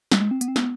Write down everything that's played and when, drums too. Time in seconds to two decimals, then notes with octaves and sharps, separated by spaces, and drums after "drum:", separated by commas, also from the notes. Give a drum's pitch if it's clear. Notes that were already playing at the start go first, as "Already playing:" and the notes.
0.12 G3, drum: snare
0.21 G#3
0.31 C4
0.41 B3, drum: hi-hat
0.48 C4
0.56 B3, drum: snare